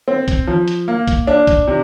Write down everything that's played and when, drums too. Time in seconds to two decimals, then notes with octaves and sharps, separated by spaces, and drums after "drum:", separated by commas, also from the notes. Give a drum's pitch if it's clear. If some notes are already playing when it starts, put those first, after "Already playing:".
0.08 C4
0.28 drum: kick, hi-hat
0.47 F3
0.68 drum: hi-hat
0.88 A#3
1.08 drum: kick, hi-hat
1.27 D4
1.47 drum: kick, hi-hat
1.68 C3